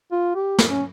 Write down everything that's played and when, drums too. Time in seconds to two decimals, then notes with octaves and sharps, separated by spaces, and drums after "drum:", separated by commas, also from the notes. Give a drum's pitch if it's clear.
0.11 F4
0.35 G4
0.59 drum: snare
0.69 C#4